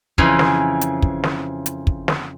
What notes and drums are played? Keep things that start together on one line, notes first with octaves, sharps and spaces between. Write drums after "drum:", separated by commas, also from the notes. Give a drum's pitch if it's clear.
F2 C#3 E3 G#4 D#5, drum: kick
drum: snare
drum: hi-hat
drum: kick
drum: snare
drum: hi-hat
drum: kick
drum: snare